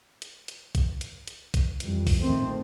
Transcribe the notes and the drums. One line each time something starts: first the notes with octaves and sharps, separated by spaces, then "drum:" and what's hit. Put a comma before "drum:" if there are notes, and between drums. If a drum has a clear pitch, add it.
drum: hi-hat
drum: hi-hat
drum: kick A#1, hi-hat
drum: hi-hat
drum: hi-hat
drum: kick A#1, hi-hat
F2 E3 G3, drum: hi-hat
drum: kick A#1, open hi-hat
A#1 D#3 A3 C4